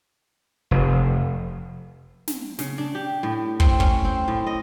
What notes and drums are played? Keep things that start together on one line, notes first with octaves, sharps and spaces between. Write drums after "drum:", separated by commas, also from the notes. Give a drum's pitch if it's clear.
F1
drum: snare
C#3, drum: snare
D4
G4
A2
C4, drum: kick
C#4, drum: kick
C4
A2
D#5